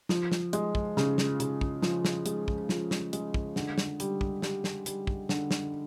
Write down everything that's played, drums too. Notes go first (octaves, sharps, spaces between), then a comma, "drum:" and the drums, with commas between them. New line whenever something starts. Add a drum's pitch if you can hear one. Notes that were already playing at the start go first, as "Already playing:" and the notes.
F3, drum: snare
drum: snare
G#3, drum: hi-hat
drum: kick
C#3, drum: snare
drum: snare
C#3, drum: hi-hat
drum: kick
F3, drum: snare
drum: snare
G#3, drum: hi-hat
drum: kick
F3, drum: snare
drum: snare
G#3, drum: hi-hat
drum: kick
D3, drum: snare
drum: snare
G3, drum: hi-hat
drum: kick
G3, drum: snare
drum: snare
G3, drum: hi-hat
drum: kick
D3, drum: snare
drum: snare